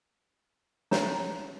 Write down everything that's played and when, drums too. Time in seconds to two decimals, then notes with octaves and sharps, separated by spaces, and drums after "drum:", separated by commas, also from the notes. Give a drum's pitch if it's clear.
0.91 C#4 C#5 A#5, drum: snare